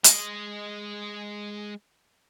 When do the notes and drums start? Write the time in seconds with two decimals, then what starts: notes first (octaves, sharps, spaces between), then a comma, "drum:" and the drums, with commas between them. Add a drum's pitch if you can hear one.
0.04 G#3 D#5, drum: hi-hat